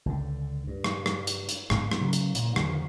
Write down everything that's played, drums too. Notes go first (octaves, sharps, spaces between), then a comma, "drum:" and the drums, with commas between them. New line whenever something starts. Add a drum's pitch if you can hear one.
C#2 D3
G2
drum: rim click
drum: rim click
drum: hi-hat
drum: hi-hat
D2 G#2 G#3 B3, drum: rim click
drum: rim click
C#3 F#3
drum: hi-hat
A#2 A#3, drum: hi-hat
E2 D3 D#3 F3, drum: rim click